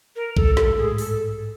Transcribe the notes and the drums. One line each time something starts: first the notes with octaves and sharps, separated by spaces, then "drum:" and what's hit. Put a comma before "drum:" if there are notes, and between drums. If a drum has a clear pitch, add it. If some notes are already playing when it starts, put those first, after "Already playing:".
A#4
A4, drum: kick A#1
A4, drum: snare
G#2
A2 G#4
A4, drum: open hi-hat